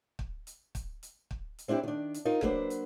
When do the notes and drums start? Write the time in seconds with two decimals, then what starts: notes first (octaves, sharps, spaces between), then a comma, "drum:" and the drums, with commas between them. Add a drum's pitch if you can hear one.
0.19 drum: kick
0.47 drum: hi-hat
0.75 drum: kick, hi-hat
1.03 drum: hi-hat
1.31 drum: kick
1.59 drum: hi-hat
1.68 C4 D4 E4 F#4 G4
1.83 D#3 D4
2.14 drum: hi-hat
2.25 D#4 F4 A#4
2.42 F#3 A#3 D4 B4 C5, drum: kick
2.70 drum: hi-hat